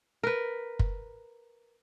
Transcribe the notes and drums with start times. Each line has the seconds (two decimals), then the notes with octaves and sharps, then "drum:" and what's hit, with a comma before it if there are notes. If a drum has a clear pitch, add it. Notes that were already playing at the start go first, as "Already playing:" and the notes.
0.23 A#4 B4
0.79 drum: kick